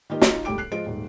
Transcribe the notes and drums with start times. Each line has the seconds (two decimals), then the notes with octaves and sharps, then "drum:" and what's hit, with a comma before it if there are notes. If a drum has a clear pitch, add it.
0.10 D#3 A#3 D#4 F4 G4 D#5
0.22 D#4 F4 D#5, drum: snare
0.45 E1 D2 G3 G5 D6 D7
0.58 F#6 C7
0.72 F3 G#3 F4 D#5 D7
0.86 D#1 G#2